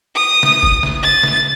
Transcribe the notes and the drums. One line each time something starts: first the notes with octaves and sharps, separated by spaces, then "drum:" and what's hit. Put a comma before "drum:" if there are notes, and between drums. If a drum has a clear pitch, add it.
D#6
drum: snare
drum: kick F#1
drum: snare
A6
drum: snare